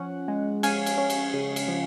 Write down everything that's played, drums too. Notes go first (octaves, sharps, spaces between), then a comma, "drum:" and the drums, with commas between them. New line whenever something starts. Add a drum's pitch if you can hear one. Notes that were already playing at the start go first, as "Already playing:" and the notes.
Already playing: F3 C#4 F#5
G#3
C#4 F5 G#5, drum: cymbal
drum: cymbal
C#4
drum: cymbal
C#3
drum: cymbal
F3